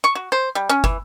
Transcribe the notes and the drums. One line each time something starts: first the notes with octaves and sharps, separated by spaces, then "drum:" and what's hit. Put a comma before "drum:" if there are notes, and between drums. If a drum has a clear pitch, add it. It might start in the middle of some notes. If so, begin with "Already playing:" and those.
C#6
F#4
C5
G3
C#4
E3, drum: kick